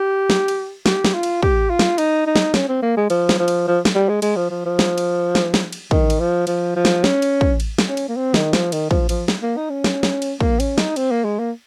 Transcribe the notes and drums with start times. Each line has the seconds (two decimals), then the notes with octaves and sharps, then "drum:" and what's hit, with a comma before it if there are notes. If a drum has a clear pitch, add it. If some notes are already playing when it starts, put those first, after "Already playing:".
Already playing: G4
0.30 drum: snare
0.48 drum: cymbal
0.86 G4, drum: snare
1.04 drum: snare
1.14 F4
1.23 drum: cymbal
1.43 G4, drum: kick
1.69 F4
1.79 drum: snare
1.98 D#4, drum: cymbal
2.26 D#4
2.36 drum: snare
2.54 C#4, drum: snare
2.68 C4
2.82 A#3
2.97 G#3
3.10 F3, drum: cymbal
3.29 drum: snare
3.38 F3
3.48 drum: cymbal
3.67 F3
3.85 drum: snare
3.95 G3
4.08 G#3
4.22 G#3, drum: cymbal
4.36 F3
4.50 F3
4.65 F3
4.79 drum: snare
4.98 drum: cymbal
5.35 drum: snare
5.54 drum: snare
5.73 drum: cymbal
5.91 D#3, drum: kick
6.10 drum: cymbal
6.20 F3
6.47 F3, drum: cymbal
6.76 F3
6.85 drum: snare
7.04 C#4, drum: snare
7.22 drum: cymbal
7.41 drum: kick
7.60 drum: cymbal
7.78 drum: snare
7.88 C#4
7.97 drum: cymbal
8.08 A#3
8.16 C4
8.34 D#3, drum: snare
8.53 F3, drum: snare
8.72 D#3, drum: cymbal
8.91 F3, drum: kick
9.09 F3, drum: cymbal
9.28 drum: snare
9.42 A#3
9.57 D#4
9.70 C#4
9.84 drum: snare
10.03 drum: snare
10.22 drum: cymbal
10.40 A#3, drum: kick
10.60 C#4, drum: cymbal
10.78 D#4, drum: snare
10.96 C4, drum: cymbal
11.11 A#3
11.24 G#3
11.39 A#3